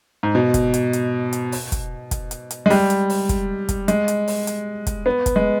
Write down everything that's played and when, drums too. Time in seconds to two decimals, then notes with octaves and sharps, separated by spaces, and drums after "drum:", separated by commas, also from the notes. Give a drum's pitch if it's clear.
0.23 G#2
0.35 B2
0.54 drum: kick, hi-hat
0.74 drum: hi-hat
0.93 drum: hi-hat
1.33 drum: hi-hat
1.52 drum: open hi-hat
1.72 drum: kick, hi-hat
2.11 drum: kick, hi-hat
2.31 drum: hi-hat
2.51 drum: hi-hat
2.66 G#3
2.70 G3, drum: open hi-hat
2.90 drum: hi-hat
3.10 drum: open hi-hat
3.29 drum: kick, hi-hat
3.69 drum: kick, hi-hat
3.88 G#3, drum: hi-hat
4.08 drum: hi-hat
4.28 drum: open hi-hat
4.47 drum: hi-hat
4.87 drum: kick, hi-hat
5.06 B3
5.26 drum: kick, hi-hat
5.36 G#3